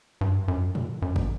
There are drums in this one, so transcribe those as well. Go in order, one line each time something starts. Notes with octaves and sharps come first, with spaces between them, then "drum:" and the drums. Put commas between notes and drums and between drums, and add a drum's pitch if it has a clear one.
G2
F#2
drum: tom A2
F#2
drum: kick